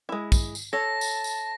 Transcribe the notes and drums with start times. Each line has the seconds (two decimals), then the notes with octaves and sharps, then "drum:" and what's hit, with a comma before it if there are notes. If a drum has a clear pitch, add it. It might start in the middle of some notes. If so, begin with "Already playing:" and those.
0.09 G#3 E4
0.32 drum: kick, tambourine
0.55 drum: tambourine
0.73 A4 C#5 A5 A#6
1.01 drum: tambourine
1.24 drum: tambourine